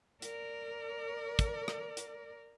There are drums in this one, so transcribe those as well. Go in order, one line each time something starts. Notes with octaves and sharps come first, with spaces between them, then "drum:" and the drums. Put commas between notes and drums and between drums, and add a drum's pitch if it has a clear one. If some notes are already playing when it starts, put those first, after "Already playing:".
A#4 D5, drum: hi-hat
drum: kick, hi-hat
drum: rim click
drum: hi-hat